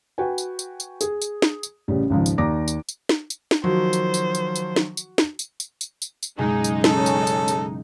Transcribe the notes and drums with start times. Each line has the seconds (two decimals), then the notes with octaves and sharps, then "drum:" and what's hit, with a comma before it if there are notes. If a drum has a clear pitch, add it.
0.18 F#4 B4 G5 G#5
0.38 drum: tambourine
0.59 drum: tambourine
0.80 drum: tambourine
1.01 G#4, drum: tambourine
1.22 drum: tambourine
1.42 drum: snare
1.63 drum: tambourine
1.88 A1 C#3 G3
2.10 G#1 C#2 F3
2.26 drum: tambourine
2.38 D#2 D5 A#5 D6 A#6
2.68 drum: tambourine
2.89 drum: tambourine
3.09 drum: snare
3.30 drum: tambourine
3.51 drum: snare
3.64 D#3 F3 F#3 F#4 C5
3.93 drum: tambourine
4.14 drum: tambourine
4.35 drum: tambourine
4.56 drum: tambourine
4.76 drum: snare
4.97 drum: tambourine
5.18 drum: snare
5.39 drum: tambourine
5.60 drum: tambourine
5.81 drum: tambourine
6.02 drum: tambourine
6.23 drum: tambourine
6.38 F#1 B2 G#3 D#4 G#5
6.64 drum: tambourine
6.84 C#4 A4, drum: snare
7.06 drum: tambourine
7.27 drum: tambourine
7.48 drum: tambourine